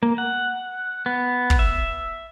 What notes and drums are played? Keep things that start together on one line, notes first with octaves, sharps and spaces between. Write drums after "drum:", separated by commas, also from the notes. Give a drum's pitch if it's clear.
A#3
F#5
B3
drum: kick
E5